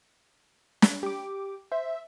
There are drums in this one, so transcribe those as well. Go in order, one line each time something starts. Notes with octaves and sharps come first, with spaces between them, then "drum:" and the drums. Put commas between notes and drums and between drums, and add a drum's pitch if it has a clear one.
drum: snare
G4 D6
C5 E5